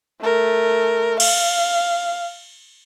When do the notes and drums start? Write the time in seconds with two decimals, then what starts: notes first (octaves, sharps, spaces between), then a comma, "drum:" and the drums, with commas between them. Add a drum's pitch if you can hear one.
0.21 A3 A#4
1.20 F5, drum: cymbal